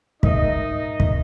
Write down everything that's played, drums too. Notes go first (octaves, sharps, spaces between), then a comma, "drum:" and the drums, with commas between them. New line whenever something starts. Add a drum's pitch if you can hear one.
G#2 D#4 A#4 D#5 E5, drum: kick
drum: kick